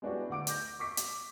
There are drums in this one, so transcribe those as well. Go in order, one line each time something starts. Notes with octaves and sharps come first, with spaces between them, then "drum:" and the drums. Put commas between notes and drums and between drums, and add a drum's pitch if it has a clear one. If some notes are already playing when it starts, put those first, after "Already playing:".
G#3 B3 D4 E4 F#4 G4
D2 F#5 D6 D7
D6 G6 A#6, drum: hi-hat
C#6 D6 B6
drum: hi-hat